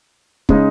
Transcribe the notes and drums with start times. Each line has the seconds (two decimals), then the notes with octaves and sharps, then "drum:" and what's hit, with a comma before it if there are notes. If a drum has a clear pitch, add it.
0.49 C#3 G#3 D#4, drum: kick